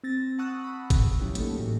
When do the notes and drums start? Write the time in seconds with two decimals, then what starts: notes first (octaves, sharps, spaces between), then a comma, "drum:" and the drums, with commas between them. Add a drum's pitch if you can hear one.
0.04 C4 A6 A#6
0.38 F#5 A5 C#6 D#6 E6 F#6
0.64 B5
0.90 drum: kick, hi-hat
1.20 F3 F#3 C#4 E4 G4
1.35 A3 A#3 D#4 A4, drum: hi-hat
1.57 A2 E3 F#4